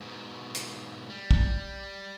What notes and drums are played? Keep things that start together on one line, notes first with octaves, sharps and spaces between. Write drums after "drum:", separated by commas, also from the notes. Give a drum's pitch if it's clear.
G#2 B2
drum: hi-hat
G3
drum: kick